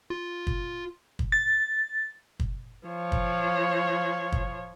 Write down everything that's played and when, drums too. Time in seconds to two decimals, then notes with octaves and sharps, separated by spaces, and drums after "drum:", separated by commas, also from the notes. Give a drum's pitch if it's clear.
0.10 F4
0.47 drum: kick
1.19 drum: kick
1.32 A6
2.40 drum: kick
2.88 F3 C#5
3.12 drum: kick
4.32 drum: kick